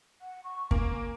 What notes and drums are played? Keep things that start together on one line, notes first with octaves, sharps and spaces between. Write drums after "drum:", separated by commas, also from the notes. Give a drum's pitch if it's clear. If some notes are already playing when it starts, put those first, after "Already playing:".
F#5
C#6
A#3 G#5, drum: kick